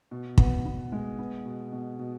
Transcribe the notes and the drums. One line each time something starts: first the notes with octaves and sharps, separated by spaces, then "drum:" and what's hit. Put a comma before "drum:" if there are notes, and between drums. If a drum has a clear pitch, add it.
B2
B3, drum: kick
B3
G#3
B3
B2
B2
B2